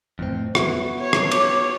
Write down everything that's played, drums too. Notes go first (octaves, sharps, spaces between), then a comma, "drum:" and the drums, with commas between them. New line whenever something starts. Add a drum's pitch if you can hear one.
F2 A2 C4
B3 E4 F#4, drum: rim click
C#5
drum: rim click
D6, drum: cymbal